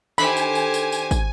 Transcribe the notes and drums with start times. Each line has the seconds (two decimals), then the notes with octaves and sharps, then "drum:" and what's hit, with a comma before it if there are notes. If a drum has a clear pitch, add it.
0.18 D#3 D4 G4 A4 C5 G#5 B5, drum: tambourine
0.37 drum: tambourine
0.55 drum: tambourine
0.74 drum: tambourine
0.92 drum: tambourine
1.11 drum: kick, tambourine